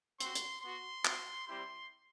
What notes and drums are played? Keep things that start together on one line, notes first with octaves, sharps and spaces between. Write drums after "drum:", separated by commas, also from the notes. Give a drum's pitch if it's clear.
C4 F#4 C6, drum: hi-hat
drum: hi-hat
B3 F#4 C6
C4 F#4, drum: clap
G3 C4 E4 G4 C6